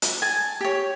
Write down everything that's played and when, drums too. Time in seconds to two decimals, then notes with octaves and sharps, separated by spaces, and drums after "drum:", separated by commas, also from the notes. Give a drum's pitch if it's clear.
0.02 drum: hi-hat
0.22 G#5 A5
0.61 G4 C#5